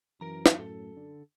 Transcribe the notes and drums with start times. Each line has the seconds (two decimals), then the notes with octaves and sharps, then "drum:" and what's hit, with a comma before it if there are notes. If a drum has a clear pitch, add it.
0.21 F#2 E3 A#4 A#5
0.46 drum: snare
0.59 A2 A4
0.97 D3